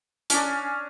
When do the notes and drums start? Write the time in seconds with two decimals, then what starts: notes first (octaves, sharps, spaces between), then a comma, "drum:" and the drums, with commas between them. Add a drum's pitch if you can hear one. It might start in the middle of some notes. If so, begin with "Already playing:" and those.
0.30 C#4 D4, drum: hi-hat